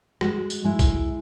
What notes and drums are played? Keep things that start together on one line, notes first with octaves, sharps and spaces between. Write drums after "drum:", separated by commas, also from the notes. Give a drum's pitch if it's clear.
G#3 F#4, drum: rim click
drum: tambourine
G#3 E4
drum: kick C2, tambourine